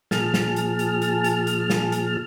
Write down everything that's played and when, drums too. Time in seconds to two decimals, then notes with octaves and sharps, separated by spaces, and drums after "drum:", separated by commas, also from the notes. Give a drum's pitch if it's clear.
0.11 A#2 F3 G#4 A5 F6, drum: snare
0.34 drum: snare
0.56 drum: hi-hat
0.79 drum: hi-hat
1.02 drum: hi-hat
1.24 drum: hi-hat
1.47 drum: hi-hat
1.70 drum: snare
1.92 drum: hi-hat